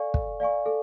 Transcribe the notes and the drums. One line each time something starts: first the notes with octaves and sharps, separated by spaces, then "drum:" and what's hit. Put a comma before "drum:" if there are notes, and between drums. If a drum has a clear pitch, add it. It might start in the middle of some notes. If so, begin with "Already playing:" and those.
Already playing: A4 D5 F5 G#5 C#6
A4, drum: kick
D5 F5 G#5 C#6
A4